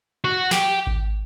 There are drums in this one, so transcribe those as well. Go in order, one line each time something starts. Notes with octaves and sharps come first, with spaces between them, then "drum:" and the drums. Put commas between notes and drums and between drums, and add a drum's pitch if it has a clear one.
F#4
G4, drum: snare
drum: kick G#1